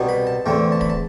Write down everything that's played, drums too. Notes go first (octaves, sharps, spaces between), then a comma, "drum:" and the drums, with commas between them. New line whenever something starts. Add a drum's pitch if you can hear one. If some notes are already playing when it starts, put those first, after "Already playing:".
Already playing: C2 B2 G3 B3
B5
A5
E2 D3 A3 C4 G5
A5
B5, drum: kick
A5